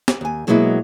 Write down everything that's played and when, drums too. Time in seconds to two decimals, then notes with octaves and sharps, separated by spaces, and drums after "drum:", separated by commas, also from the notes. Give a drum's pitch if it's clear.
0.08 drum: snare
0.21 D#2 G#5
0.47 B2 F#3 G#3 A#3 B3 E4